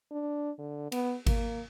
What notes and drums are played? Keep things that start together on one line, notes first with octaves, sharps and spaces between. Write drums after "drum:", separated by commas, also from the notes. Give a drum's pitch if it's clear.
D4
D3
B3, drum: cymbal
A#3, drum: kick G#1, cymbal